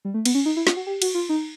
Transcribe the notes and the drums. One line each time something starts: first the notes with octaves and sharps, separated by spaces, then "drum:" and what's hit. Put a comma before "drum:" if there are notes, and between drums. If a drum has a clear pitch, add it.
G3
A3
B3, drum: cymbal
C#4
D#4
E4
F4, drum: snare
F#4
G4
F#4, drum: cymbal
F4
D#4